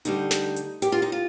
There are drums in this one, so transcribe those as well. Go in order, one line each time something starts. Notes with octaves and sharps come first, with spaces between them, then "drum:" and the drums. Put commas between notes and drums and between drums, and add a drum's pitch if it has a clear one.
D2 D3 G3 D#4, drum: hi-hat
drum: snare
drum: hi-hat
G4, drum: hi-hat
F4
D#4
F4